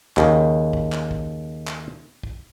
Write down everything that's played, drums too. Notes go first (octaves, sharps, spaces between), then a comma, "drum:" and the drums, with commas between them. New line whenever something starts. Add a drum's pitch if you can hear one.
D#2 C#3, drum: clap
drum: kick
drum: clap
drum: kick
drum: clap
drum: kick